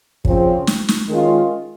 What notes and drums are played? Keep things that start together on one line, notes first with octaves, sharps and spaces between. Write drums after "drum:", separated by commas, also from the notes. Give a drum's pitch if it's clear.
C#3 F3 C4, drum: kick
drum: snare
drum: snare
D#3 G#3 C#4 F4